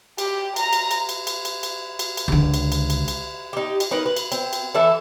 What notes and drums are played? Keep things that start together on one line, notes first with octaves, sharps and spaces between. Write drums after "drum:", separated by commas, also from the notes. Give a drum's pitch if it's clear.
G4, drum: cymbal
A#5, drum: cymbal
drum: cymbal
drum: cymbal
drum: cymbal
drum: cymbal
drum: cymbal
drum: cymbal
drum: cymbal
drum: cymbal
C#2 D3
drum: cymbal
drum: cymbal
drum: cymbal
drum: cymbal
D#4 G4
drum: cymbal
D#4 A#4 B4
B4
drum: cymbal
C4, drum: cymbal
drum: cymbal
E3 A4 E5